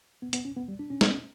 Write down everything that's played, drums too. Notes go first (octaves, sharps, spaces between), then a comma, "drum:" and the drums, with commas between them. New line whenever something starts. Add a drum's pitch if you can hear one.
B3
B3, drum: hi-hat
C#4
B3
G3
D4
C#4
B3, drum: snare
C#4